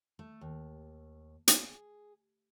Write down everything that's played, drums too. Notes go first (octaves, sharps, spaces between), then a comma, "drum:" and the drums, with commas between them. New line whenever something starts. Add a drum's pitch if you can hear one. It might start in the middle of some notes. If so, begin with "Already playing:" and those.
A3
D#2
G#4, drum: hi-hat